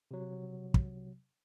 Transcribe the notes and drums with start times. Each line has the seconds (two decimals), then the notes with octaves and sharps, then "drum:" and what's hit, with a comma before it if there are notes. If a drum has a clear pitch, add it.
0.11 C3 F#3
0.74 drum: kick